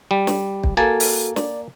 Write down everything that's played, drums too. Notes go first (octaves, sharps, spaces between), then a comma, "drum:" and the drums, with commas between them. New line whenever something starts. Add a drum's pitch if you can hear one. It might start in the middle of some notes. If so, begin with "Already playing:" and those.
G3
drum: snare
drum: kick
A#3 F#4 A4 G#5 A5
drum: open hi-hat
D5, drum: snare